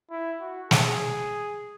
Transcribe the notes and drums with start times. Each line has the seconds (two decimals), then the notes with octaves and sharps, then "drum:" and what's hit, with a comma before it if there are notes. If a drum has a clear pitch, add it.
0.11 E4
0.41 F#4
0.71 G#4, drum: snare